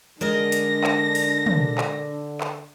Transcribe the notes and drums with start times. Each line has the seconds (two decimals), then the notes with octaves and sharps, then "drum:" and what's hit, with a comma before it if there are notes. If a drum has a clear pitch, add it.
0.21 D3 G#3 D4 A#4 D#5 A#6
0.52 drum: hi-hat
0.84 drum: clap
1.15 drum: open hi-hat
1.46 drum: tom
1.78 drum: clap
2.41 drum: clap